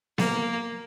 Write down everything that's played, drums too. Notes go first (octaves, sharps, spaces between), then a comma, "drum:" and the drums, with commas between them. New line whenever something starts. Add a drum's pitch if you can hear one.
A#3, drum: snare B3